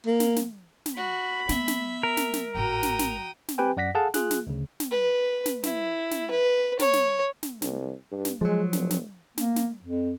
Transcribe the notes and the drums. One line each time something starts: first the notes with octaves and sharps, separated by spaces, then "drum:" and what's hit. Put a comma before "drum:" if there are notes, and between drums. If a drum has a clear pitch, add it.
A#3
drum: snare
drum: snare
drum: snare
F#4 B5
B3 E5, drum: snare
drum: snare
A#4
drum: snare
drum: snare
G#1 A2 F#4 G5 A#5 D#6
drum: snare
drum: snare
drum: snare
C4 G4 B4 G5 G#5
F#2 D5 F#5 A#6 B6
G#4 A4 F5 F#5 A5
F4 G#4 F#6, drum: snare
drum: snare
D2 C#3
drum: snare
B4
drum: snare
E4, drum: snare
drum: snare
B4
C#5, drum: snare
drum: snare
drum: snare
C2, drum: snare
G2
drum: snare
F3 F#3 G#3
E1, drum: snare
drum: snare
A#3, drum: snare
drum: snare
F2